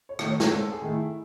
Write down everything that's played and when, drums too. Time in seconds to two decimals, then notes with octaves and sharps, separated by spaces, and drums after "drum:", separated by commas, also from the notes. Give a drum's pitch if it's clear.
0.09 C#5
0.19 D#3 A3, drum: rim click
0.30 C#5
0.40 drum: snare
0.51 G#2 A4
0.72 G#4
0.82 D#3 A3
0.93 E4